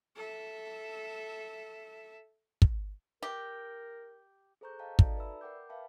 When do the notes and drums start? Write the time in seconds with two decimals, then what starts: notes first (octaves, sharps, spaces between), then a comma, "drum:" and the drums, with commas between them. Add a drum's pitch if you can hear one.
0.16 A4 E5
2.62 drum: kick
3.23 G4 A#4
4.61 G#4 A4 C5 A#5 C#6 G6
4.79 D#5 F5 G5 A5 A#5
4.99 D#4 F#4 A4 D5 A5 A#5, drum: kick
5.17 B4 D5 E5 B5 E6
5.41 A#4 F#5 G5 D6 G6
5.69 B4 E5 F5 G5 A5 B5